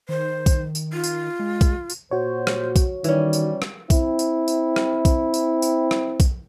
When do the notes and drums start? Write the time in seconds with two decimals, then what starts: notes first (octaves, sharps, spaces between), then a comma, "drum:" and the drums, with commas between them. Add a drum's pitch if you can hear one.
0.09 D#3 C5
0.46 drum: kick B1, tambourine
0.75 drum: tambourine
0.93 F4
1.04 drum: tambourine
1.40 G#3
1.61 drum: kick B1, tambourine
1.90 drum: tambourine
2.11 A#2 F#4 C5 C#5
2.47 drum: rim click
2.76 drum: kick B1, tambourine
3.04 D#3 E3 G3 C#4, drum: tambourine
3.33 drum: tambourine
3.62 drum: rim click
3.90 C4 E4, drum: kick B1, tambourine
4.19 drum: tambourine
4.48 drum: tambourine
4.76 drum: rim click
5.05 drum: kick B1, tambourine
5.34 drum: tambourine
5.62 drum: tambourine
5.91 drum: rim click
6.20 drum: kick B1, tambourine